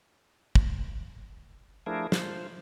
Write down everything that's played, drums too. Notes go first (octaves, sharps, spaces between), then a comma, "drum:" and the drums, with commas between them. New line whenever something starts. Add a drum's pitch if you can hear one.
drum: kick
F3 A3 D4 E4 G#4 A#4
F4 C5, drum: snare